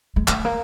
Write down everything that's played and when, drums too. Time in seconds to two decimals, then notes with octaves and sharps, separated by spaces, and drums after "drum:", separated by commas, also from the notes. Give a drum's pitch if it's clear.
0.16 G#3
0.28 A3, drum: clap
0.45 A#3